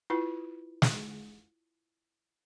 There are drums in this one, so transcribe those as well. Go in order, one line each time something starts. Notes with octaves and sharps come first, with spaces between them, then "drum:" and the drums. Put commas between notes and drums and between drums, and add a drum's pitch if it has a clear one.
E4 F4 B4
drum: snare